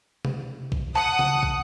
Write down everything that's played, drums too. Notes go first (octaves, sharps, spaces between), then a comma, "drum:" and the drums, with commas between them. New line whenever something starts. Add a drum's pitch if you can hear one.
drum: tom C3
drum: kick
F#5 A5 D#6
drum: tom C#3
drum: kick